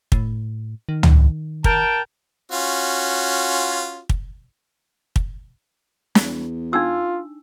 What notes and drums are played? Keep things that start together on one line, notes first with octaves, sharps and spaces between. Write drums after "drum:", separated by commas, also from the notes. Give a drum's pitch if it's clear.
A2, drum: kick
D#3
drum: tom
A#4 G5 A5, drum: kick
C#4 F4 F#4
drum: kick
drum: kick
E2, drum: snare
D4 D#4 F4 E6